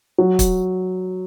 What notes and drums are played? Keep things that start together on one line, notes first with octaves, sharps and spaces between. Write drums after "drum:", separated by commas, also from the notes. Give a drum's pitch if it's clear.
F#3
drum: kick, hi-hat